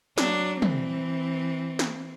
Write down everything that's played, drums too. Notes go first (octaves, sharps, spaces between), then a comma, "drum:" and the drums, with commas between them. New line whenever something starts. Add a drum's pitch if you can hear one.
F#3 D4, drum: snare
E3 C4, drum: tom
drum: snare